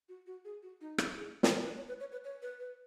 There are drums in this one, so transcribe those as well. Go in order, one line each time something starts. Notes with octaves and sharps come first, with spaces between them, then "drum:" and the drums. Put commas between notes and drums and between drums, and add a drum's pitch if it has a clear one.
F#4
F#4
G#4
F#4
D#4
E4, drum: rim click
G#4
drum: snare
A#4
B4
C#5
B4
C#5
B4
C#5
B4
B4